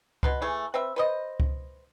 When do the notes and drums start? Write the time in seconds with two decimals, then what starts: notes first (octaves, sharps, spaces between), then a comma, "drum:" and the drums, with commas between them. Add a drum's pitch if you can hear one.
0.23 B2 B4 C6, drum: kick C#2
0.42 E3 A3 G#4
0.74 C4 B4 E5
0.96 B4 C5 D#5
1.40 drum: kick C#2